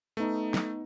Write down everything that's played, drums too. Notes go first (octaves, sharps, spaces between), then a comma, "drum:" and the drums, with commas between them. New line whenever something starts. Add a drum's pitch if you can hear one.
A3 B3 D#4
drum: snare